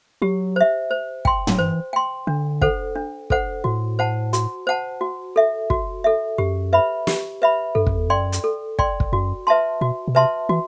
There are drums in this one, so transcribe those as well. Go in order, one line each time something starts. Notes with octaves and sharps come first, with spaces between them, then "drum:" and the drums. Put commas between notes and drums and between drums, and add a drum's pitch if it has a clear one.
F#3 G4
C5 E5
C5
G5 C6, drum: kick
F#3, drum: tom
E3 C5
G5 C6
D3 D4
A4 C5 F#5, drum: kick
D4
A4 C5 F#5, drum: kick
A2 F#4
C5 F#5 A5
F#4, drum: hi-hat
C5 F#5 A5
F#4
A4 E5
F#4, drum: kick
A4 E5
F#2 G4
B4 E5 B5
G4, drum: snare
B4 E5 B5
G2 A4
F#2, drum: kick
E2
F#2 D5 G5 C6
drum: hi-hat
A4
D5 G5 C6, drum: kick
drum: kick
F#2 F#4
B4 E5 A5 C6
B2 F#4
B2
C3 B4 E5 A5 C6
E3 F#4